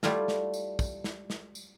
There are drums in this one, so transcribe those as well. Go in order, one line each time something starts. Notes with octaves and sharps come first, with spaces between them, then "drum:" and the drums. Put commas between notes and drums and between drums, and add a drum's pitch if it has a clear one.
G3 A3 E4 F4 A4, drum: snare
drum: snare
drum: tambourine
drum: kick, tambourine
drum: snare
drum: snare
drum: tambourine